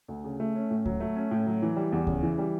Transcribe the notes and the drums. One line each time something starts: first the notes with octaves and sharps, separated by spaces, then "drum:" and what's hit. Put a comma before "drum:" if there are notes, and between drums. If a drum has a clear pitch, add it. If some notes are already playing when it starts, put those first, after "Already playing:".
D2
C#3
A3
C#4
A2
F#3, drum: kick D2
A3
C#4
A2
F#3
E3
G3
E2
C#3, drum: kick D2
E3
G3